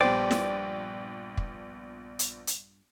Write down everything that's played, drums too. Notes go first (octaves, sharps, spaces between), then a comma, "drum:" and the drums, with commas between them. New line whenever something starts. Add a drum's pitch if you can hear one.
A#1 G2 B3 B4 C5 D5 G5
drum: snare
drum: kick
drum: hi-hat
drum: hi-hat